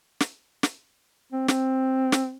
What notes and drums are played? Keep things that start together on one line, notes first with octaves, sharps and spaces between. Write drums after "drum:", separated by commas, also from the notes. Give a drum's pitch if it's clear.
drum: snare
drum: snare
C4
C4, drum: snare
drum: snare